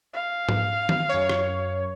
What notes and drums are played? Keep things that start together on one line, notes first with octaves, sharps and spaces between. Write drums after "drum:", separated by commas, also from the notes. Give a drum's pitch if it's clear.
F5
drum: tom G#2
drum: tom D#3
F#2 C#5
drum: rim click